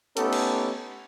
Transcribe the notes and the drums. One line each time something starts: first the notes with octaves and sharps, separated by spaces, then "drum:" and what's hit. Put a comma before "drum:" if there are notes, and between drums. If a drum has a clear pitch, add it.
A3 B3 C#4 D#4 G4 A4, drum: hi-hat
drum: cymbal